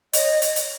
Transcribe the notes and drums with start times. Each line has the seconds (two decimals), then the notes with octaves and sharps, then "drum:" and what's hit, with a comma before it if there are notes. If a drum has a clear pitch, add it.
0.13 C#5 D#5, drum: hi-hat
0.42 drum: hi-hat
0.56 drum: hi-hat